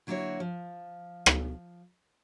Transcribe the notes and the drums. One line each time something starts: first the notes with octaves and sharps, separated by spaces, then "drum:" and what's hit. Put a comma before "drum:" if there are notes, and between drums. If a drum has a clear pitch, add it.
D3 F#3 A#3 E4 F#4 C#5
F3
drum: rim click